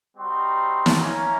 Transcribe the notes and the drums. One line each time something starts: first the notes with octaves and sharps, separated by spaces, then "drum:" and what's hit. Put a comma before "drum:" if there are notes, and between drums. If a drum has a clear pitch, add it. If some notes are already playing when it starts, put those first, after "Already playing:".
G3 C4 D#4 F#4 C6
drum: snare
A#3 C#4 E4 A#5